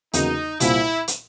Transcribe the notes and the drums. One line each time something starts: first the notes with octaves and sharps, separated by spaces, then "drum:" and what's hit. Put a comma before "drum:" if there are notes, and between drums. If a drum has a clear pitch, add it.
E2 C#3 F#3 A#3 D#4, drum: hi-hat
C2 A#2 G3 C4 E4 F4, drum: hi-hat
drum: hi-hat